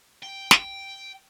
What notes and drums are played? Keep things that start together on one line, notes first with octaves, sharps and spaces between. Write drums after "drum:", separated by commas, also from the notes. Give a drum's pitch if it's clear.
G5
drum: snare